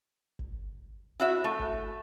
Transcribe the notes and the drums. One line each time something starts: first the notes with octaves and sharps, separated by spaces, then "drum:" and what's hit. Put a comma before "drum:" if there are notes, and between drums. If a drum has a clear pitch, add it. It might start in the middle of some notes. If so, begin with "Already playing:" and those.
drum: kick G1
E4 F#4 E5
A3
drum: kick G1